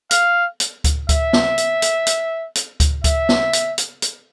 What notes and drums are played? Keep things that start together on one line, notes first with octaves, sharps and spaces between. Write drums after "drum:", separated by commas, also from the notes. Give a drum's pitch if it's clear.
F5, drum: hi-hat
drum: hi-hat
drum: kick D2, hi-hat
E5, drum: kick D2, hi-hat
drum: snare B3
drum: hi-hat
drum: hi-hat
drum: hi-hat
drum: hi-hat
drum: kick D2, hi-hat
E5, drum: kick D2, hi-hat
drum: snare B3
drum: hi-hat
drum: hi-hat
drum: hi-hat